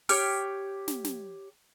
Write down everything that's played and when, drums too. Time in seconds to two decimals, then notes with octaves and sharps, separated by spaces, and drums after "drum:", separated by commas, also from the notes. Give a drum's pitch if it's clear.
0.09 G4 C#5 G5 F6, drum: open hi-hat
0.88 drum: snare
1.04 drum: snare